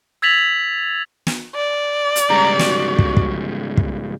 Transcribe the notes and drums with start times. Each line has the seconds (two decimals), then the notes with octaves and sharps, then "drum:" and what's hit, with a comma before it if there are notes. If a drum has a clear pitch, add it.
0.22 E6 G#6 A6 B6 F7 F#7
1.27 drum: snare
1.55 D5
2.16 drum: hi-hat
2.30 G#2 C#3 G3 A#5
2.59 F#4, drum: snare
2.99 drum: kick
3.17 drum: kick
3.77 drum: kick